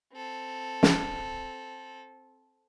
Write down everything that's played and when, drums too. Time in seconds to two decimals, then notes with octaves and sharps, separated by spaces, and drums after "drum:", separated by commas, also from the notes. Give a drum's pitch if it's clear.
0.13 C4 A4
0.83 drum: snare